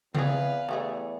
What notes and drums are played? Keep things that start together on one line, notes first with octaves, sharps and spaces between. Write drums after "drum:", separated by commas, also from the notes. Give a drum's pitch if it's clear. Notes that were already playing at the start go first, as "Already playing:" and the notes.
E2 C4 G#4 B4 F5, drum: tom C#3
E2 E3 G3 A3 G#4